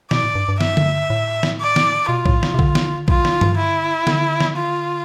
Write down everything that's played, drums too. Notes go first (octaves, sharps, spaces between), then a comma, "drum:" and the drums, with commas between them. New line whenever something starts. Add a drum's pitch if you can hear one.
B2 D5, drum: snare
A2
G2
G2
E5, drum: snare
drum: tom D3
A2
drum: snare
D5
drum: snare
B2 F4
A2, drum: kick A#1
C3, drum: snare
C3
D3, drum: kick A#1
drum: snare
F4, drum: kick A#1
drum: snare
drum: tom G2
E4
D3, drum: snare
drum: snare
F4